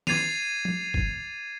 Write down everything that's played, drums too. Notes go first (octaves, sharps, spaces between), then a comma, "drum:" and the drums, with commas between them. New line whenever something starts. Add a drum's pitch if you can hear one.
D6 G#6 A6 C7 D#7 F7, drum: snare
drum: tom
drum: kick G1